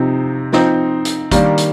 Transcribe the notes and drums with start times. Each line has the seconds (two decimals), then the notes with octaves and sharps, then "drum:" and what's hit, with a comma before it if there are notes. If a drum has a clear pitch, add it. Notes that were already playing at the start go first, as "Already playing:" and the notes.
Already playing: C3 F3 C4 D#4
0.53 F3 C4 D#4, drum: snare
1.05 drum: hi-hat
1.31 D#3 G3 A#3 D4, drum: kick, hi-hat
1.58 drum: hi-hat